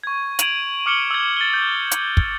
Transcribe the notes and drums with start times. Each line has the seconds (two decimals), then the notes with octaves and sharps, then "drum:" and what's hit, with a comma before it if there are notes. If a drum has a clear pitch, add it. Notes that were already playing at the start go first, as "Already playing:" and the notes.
0.03 C#6 G#6
0.39 G#6 D7 D#7 F7 F#7, drum: hi-hat
0.86 D6 F6 C#7 F#7 G7
1.11 E6 G#6
1.37 A6 G7
1.54 G6
1.91 drum: hi-hat
2.17 drum: kick